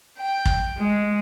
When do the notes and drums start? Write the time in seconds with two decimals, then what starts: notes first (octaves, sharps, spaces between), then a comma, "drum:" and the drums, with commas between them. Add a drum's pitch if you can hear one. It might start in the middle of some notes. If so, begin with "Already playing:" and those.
0.19 G5
0.45 drum: kick
0.79 G#3